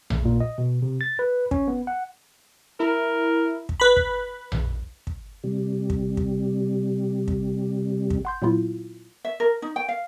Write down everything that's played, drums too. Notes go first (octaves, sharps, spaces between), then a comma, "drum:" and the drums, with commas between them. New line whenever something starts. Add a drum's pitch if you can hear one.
A3, drum: tom A#1
A#2
D#5
B2
C3
A6
B4
C#4, drum: kick
B3
F#5
E4 A#4
drum: kick
B4 B5
drum: kick
drum: tom A#1
drum: kick
C3 G3
drum: kick
drum: kick
drum: kick
drum: kick
F#5 C6 G6
A#2 F#3 B3 E4 F4
E5
A#4
D#4
G5
F5